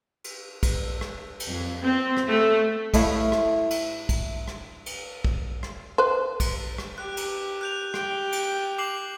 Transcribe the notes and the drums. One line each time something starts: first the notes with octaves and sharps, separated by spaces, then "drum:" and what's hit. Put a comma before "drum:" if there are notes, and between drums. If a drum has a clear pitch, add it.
drum: cymbal
drum: kick, cymbal
drum: rim click
drum: cymbal
F2
C4
drum: rim click
A3
A2 A3 E4 F5, drum: kick, cymbal
drum: rim click
drum: cymbal
drum: kick, cymbal
drum: rim click
drum: cymbal
drum: kick
drum: rim click
B4 C5
drum: kick, cymbal
drum: rim click
G4 F#6
drum: cymbal
F#6 G6 F7
G4 G5, drum: rim click
drum: cymbal
D6 C7 F#7